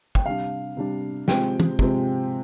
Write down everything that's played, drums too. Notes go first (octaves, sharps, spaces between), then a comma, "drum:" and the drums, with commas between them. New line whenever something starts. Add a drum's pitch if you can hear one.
G5, drum: kick
C3 G3 D4 F5
C3 G3 D4
C3 F3 G#3 C4 G5, drum: snare
drum: tom E3
C3 F3 G#3 C4, drum: kick